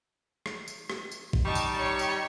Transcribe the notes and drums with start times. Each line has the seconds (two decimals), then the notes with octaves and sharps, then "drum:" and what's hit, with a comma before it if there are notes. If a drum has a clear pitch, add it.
0.46 drum: rim click
0.68 drum: tambourine
0.90 drum: rim click
1.11 drum: tambourine
1.33 drum: kick A#1
1.45 G3 D#4 G4 A5 C#6
1.55 drum: tambourine
1.77 C#5 C#6 C#7
1.99 drum: tambourine